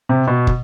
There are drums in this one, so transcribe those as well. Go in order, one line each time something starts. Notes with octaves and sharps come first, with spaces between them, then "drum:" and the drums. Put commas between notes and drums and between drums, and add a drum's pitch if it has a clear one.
C3
B2
drum: kick